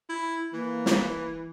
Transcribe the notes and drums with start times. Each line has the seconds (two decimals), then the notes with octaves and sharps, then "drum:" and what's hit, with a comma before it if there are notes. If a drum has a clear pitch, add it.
0.09 E4
0.53 E3 A#3
0.86 drum: snare